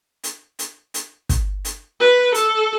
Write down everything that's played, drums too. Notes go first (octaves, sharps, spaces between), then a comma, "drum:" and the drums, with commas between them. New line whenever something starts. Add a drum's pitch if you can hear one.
drum: hi-hat
drum: hi-hat
drum: hi-hat
drum: kick, hi-hat
drum: hi-hat
B4
A4, drum: hi-hat